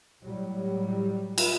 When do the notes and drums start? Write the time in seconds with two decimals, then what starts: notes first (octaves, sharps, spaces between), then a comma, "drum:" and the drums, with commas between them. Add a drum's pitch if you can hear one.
0.21 A2 F#3 G3
1.38 drum: cymbal